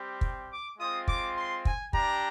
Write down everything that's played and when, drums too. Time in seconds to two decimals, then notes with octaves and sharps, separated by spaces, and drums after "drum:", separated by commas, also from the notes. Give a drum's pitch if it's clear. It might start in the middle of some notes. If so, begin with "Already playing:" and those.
Already playing: G3 C4 G4
0.21 drum: kick
0.50 D6
0.79 G#3 C4 F4 D#6
1.08 D6, drum: kick
1.36 C6
1.65 G#5, drum: kick
1.93 G3 D4 G4 A#5, drum: kick